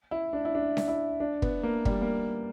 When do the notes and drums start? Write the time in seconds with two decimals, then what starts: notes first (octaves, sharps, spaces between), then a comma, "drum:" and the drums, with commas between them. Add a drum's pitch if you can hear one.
0.11 E4
0.33 D4
0.45 E4
0.55 D4
0.77 drum: snare C#4
0.88 E4
1.20 D4
1.42 B3, drum: kick
1.63 A#3
1.85 G3, drum: kick
2.02 A#3